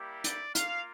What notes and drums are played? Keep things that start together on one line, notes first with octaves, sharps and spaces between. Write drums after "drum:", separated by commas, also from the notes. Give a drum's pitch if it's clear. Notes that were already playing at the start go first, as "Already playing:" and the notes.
Already playing: G3 A#3 E4 G4
D5, drum: hi-hat
A#3 F4 F5, drum: hi-hat